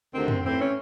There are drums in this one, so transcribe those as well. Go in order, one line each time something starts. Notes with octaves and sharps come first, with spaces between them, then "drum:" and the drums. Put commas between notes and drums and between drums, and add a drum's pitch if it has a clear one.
D2 C3 D#3 C4
C4, drum: tom
A2 E3 C4
C#4